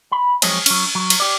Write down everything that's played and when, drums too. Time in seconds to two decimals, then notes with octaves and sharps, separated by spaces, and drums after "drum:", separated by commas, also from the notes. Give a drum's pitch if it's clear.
0.12 B5
0.42 F3 F#3 G#3 C4 C#5 D#5, drum: cymbal
0.66 F#3 C#4, drum: cymbal
0.95 F#3
1.10 drum: cymbal
1.20 G4 D5